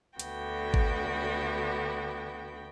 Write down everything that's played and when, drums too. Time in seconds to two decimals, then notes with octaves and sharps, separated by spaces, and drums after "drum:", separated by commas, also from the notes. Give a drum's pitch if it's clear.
0.20 D2 D3 B3 F#4 G5, drum: hi-hat
0.74 drum: kick G#1